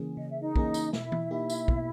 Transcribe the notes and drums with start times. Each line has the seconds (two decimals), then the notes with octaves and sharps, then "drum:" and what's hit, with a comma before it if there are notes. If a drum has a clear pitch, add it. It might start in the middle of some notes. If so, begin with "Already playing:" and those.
Already playing: C#3 E3 A#3 C#4 G#4
0.17 C#3 D#5
0.30 E5
0.41 D#4 D#5
0.56 E3 A#3 C#4 G#4, drum: kick
0.74 drum: tambourine
0.93 B2 E4 E5, drum: snare
1.12 drum: tom E3
1.31 A#3 D#4 G4
1.50 drum: tambourine
1.68 B2, drum: kick